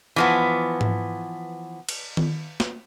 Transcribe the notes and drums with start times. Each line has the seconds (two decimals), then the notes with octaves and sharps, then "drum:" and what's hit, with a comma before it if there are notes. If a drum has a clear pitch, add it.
0.16 E3 F3 B3
0.81 drum: tom G#2
1.89 drum: cymbal
2.17 drum: tom D#3
2.60 drum: snare